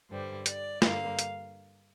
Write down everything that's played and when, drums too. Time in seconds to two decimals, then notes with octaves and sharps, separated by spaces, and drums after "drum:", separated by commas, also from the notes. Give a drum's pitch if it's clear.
0.10 G2 D3 G3 C5
0.46 D5, drum: hi-hat
0.82 G2 D3 A#3 F5, drum: snare
1.19 drum: hi-hat